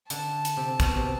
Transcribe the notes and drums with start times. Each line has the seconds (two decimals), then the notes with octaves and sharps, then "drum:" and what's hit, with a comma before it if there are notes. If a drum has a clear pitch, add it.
0.10 D3 A5, drum: hi-hat
0.45 drum: hi-hat
0.57 C3
0.80 B2, drum: kick, hi-hat
0.96 C3